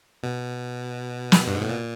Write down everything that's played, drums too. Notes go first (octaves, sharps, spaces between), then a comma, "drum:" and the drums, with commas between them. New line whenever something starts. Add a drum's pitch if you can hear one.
B2
drum: snare
G2
G#2
A2
A#2